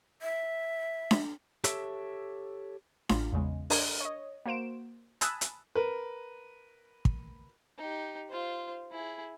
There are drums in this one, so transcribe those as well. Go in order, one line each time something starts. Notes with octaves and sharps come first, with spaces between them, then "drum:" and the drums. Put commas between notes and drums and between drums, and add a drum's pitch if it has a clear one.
E5
drum: snare D4
G4 A4 C#5 E5, drum: hi-hat
A1 F4, drum: snare D4
E2 C#3 G#3
D4 A#4 G#6, drum: open hi-hat
C#5 D#5
A#3 F#4 C5 D7 E7
G#5 A5 B5 D#6 E6 F#6, drum: hi-hat
drum: hi-hat
A#4 B4
drum: kick
D#4 G4
F4 C5
E4 G#4